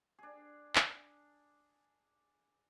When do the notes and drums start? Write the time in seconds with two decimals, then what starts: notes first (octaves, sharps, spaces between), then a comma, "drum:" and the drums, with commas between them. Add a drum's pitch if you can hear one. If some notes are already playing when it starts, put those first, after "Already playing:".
0.19 D4 G#4
0.75 drum: clap